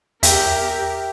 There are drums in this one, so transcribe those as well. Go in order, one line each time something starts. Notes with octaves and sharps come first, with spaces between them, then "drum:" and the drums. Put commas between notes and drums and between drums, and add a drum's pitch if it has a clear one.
E2 G4 A#4 E5 G5, drum: hi-hat